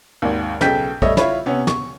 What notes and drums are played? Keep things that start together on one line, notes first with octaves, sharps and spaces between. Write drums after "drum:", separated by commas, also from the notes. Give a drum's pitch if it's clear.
G#1 D#2
B1 C#3 A4 G5 G6 B6, drum: snare
G3 A3 C#5 D#5 E5, drum: kick
E4 F4 C#5 B5, drum: snare
C3 B3 C#4
C#6, drum: snare